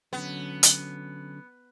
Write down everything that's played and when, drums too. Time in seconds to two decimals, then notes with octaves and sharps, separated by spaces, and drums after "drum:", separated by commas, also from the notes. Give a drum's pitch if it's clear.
0.13 D3 F#3 B3 C#4
0.63 drum: hi-hat